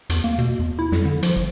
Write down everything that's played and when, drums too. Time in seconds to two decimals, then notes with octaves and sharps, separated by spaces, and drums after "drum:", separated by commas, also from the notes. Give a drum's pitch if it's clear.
0.10 E2, drum: hi-hat
0.24 A#3
0.38 B2
0.59 E2
0.79 E4
0.92 F2, drum: snare
1.05 D3
1.23 F3, drum: hi-hat
1.36 F#1